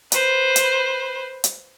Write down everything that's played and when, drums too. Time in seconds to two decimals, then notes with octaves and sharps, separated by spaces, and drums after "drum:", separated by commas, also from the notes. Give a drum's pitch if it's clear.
0.12 B4 C5, drum: hi-hat
0.56 drum: hi-hat
1.44 drum: hi-hat